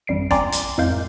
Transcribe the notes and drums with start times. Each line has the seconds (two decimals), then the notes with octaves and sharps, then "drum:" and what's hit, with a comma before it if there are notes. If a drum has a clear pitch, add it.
0.07 A1 F#2 G3 C7 D7
0.31 D5 G5 G#5 A#5 C6 D6, drum: snare
0.52 drum: hi-hat
0.78 F2 A2 G#3 A#4 F5 G6